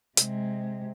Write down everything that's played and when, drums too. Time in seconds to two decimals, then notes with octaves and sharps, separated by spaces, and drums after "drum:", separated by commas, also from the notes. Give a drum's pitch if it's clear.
0.17 C3 G#3, drum: hi-hat